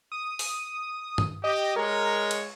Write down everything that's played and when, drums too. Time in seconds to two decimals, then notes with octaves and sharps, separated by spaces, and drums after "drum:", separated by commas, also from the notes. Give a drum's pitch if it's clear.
0.12 D#6
0.39 drum: open hi-hat
1.18 drum: tom G2
1.44 G4 D#5
1.76 G#3 A#4 C#5
2.31 drum: cymbal